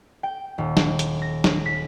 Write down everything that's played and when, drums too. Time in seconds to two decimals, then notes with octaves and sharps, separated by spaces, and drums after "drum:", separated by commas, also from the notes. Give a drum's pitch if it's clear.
0.23 G5
0.58 D#1
0.77 drum: snare
0.99 drum: hi-hat
1.22 A#6
1.44 drum: snare
1.66 B6